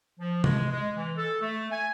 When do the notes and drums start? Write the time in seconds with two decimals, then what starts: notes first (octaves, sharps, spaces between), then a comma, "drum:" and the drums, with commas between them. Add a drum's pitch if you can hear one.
0.20 F3
0.44 G#3, drum: tom
0.70 G#3
0.96 E3
1.17 A4
1.40 A3
1.71 G#5